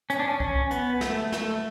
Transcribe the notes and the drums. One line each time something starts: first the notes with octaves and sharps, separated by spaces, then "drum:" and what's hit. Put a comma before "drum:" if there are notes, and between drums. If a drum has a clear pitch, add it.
C#4, drum: hi-hat
D4
C#4
C#4, drum: kick C2
B3, drum: hi-hat
A3, drum: snare
A3, drum: snare